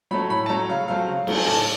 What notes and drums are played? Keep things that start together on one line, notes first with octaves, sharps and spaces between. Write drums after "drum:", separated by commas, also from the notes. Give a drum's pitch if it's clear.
F#3 A3 C#4 B5
A2 B5
A5
F#3 A3 C#4 A#5
C#3 F5
F#3 A3 C4 F5
C#3
F#3 A3 C4, drum: cymbal
G#5
A2 A5